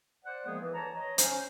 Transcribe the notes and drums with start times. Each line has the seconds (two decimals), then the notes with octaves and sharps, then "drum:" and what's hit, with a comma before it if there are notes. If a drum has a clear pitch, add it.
0.25 C5 D5 F#5
0.46 D#3 F3 G#3 A#3 B3 G#4
0.61 E3
0.74 D2 E3 C#5 A5 A#5
0.95 C#5 D#5 A#5
1.18 C#4 C5, drum: hi-hat